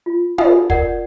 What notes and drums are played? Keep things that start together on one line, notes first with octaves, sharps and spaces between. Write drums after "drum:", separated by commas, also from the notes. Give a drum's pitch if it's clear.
F4
D#4 F4 G#5 D#6, drum: tom
A#4 C#5 D5 F#5, drum: kick